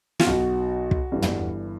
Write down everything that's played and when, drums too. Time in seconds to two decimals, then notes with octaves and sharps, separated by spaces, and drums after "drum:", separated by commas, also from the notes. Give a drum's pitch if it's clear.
0.19 F4, drum: snare
0.26 B1 B2 F#4
0.91 drum: kick
1.12 G1 G2 E3
1.22 drum: tom